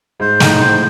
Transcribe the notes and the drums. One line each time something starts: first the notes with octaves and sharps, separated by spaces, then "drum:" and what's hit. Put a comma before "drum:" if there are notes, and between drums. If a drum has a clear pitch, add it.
G#2 C5
A2 D#4, drum: snare
A2 C5